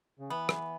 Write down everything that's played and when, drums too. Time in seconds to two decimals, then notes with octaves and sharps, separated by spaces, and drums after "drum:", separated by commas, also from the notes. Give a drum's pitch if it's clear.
0.19 C#3
0.30 E3 B3
0.49 drum: rim click